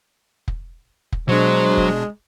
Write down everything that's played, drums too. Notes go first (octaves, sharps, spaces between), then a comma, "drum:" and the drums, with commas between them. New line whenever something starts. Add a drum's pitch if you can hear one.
drum: kick
drum: kick
B2 F#3 G#3 D4 C5
drum: kick